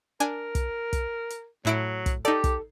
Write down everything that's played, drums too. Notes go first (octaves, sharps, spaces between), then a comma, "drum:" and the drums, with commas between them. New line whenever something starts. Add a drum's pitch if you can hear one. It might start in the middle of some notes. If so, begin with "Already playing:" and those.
D4 A#4 G#5
drum: kick, hi-hat
drum: kick, hi-hat
drum: hi-hat
A2 F#3 E4 D7
drum: kick, hi-hat
D#4 G4 A4 D5
drum: kick, hi-hat